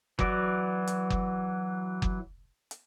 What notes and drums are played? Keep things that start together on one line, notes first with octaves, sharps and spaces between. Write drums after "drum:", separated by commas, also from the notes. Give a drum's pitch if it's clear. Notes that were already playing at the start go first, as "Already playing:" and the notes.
E3 F#3 F#4 D5, drum: kick F#1
drum: hi-hat
drum: kick F#1
drum: kick F#1
drum: hi-hat